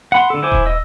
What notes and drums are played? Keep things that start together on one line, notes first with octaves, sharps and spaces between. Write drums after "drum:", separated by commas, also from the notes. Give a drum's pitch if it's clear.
F#5 B5 C6
D3 A4
E4 C5 G#5 D6
drum: kick D#1
D#5 E6